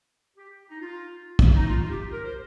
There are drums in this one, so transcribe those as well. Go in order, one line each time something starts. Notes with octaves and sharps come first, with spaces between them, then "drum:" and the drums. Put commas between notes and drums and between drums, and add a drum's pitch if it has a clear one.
G4
D#4
F4
drum: kick
D#4
F4
F4
G4
A#4
C5